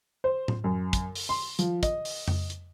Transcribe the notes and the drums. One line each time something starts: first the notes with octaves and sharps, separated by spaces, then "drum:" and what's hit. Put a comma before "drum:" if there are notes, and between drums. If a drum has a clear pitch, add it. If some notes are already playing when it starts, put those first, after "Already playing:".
C5
drum: tom A2
F#2
drum: kick, hi-hat
drum: open hi-hat
C6
F3, drum: hi-hat
D#5, drum: kick, hi-hat
drum: open hi-hat
drum: tom F2
drum: hi-hat